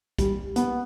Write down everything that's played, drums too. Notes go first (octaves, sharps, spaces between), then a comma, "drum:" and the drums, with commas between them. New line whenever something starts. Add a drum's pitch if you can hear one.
G3, drum: kick B1, hi-hat
B3, drum: hi-hat